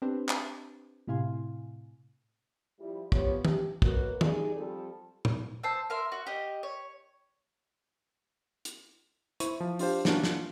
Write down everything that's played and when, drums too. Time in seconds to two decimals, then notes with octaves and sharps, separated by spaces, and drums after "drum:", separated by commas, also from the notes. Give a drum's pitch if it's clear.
0.02 C4 D4 G4 B4 C5
0.29 drum: clap
1.07 A2 C3 E4 F5 G#5 C6
2.79 F3 G3 E4
3.12 F3 B3 G4 C#5, drum: kick
3.45 G4, drum: tom
3.82 B2 A#3 F#4 A#4 B4 C#5, drum: kick
4.21 D#2 G3 D#4 G#4 D5, drum: tom
4.56 F3 G3 C4 A4
5.25 drum: tom
5.63 C5 A5 E6
5.90 A#4 E5 C6
6.12 F#4
6.26 G4 D#5
6.63 C#5
8.65 drum: hi-hat
9.40 E4 C5 C#6 D#7, drum: hi-hat
9.60 F3
9.79 D4 F4 G4 C5, drum: open hi-hat
10.05 E3 A#3 C#4 D4 F#4, drum: snare
10.24 F4, drum: snare